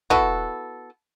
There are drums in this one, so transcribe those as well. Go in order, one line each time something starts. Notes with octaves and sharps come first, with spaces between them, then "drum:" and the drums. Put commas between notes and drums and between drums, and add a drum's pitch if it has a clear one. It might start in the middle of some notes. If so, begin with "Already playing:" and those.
B3 E4 F#4 A4, drum: kick